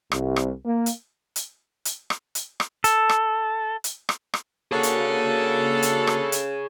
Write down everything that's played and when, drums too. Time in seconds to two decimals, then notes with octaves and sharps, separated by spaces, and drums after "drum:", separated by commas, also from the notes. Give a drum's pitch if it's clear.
0.12 C2, drum: rim click
0.36 drum: rim click
0.65 A#3
0.86 drum: hi-hat
1.36 drum: hi-hat
1.85 drum: hi-hat
2.10 drum: rim click
2.35 drum: hi-hat
2.60 drum: rim click
2.84 A4, drum: hi-hat
3.09 drum: rim click
3.84 drum: hi-hat
4.09 drum: rim click
4.34 drum: rim click
4.72 A#3 D4 F#4 G#4 A4 C#5
4.83 drum: hi-hat
5.83 drum: hi-hat
6.07 drum: rim click
6.32 drum: hi-hat